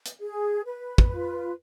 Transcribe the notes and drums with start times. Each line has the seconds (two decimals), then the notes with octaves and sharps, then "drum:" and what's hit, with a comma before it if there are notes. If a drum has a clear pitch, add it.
0.05 drum: hi-hat
0.21 G#4
0.65 B4
0.98 drum: kick
1.10 F4